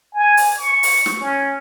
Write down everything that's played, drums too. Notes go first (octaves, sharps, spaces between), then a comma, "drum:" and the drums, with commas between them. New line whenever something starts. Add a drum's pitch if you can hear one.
G#5
drum: open hi-hat
C#6
drum: open hi-hat
drum: snare
C#4